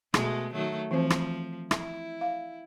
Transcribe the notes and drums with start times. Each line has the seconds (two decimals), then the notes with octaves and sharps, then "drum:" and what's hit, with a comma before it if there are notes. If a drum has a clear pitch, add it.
0.14 B2 G#3 A3 G#4, drum: rim click
0.53 D#3 F#3 A3
0.91 E3 F3 C4 C5
1.10 drum: rim click
1.71 E4 E5, drum: rim click
2.21 F5